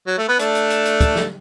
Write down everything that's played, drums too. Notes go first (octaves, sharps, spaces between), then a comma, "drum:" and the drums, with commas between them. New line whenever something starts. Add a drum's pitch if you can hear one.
F#3
A3
B3
A3 D4, drum: hi-hat
drum: hi-hat
drum: hi-hat
drum: hi-hat
drum: kick, hi-hat
drum: snare